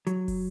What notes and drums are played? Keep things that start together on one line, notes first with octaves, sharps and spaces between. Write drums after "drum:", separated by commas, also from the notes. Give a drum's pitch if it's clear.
F#3, drum: hi-hat
drum: kick, open hi-hat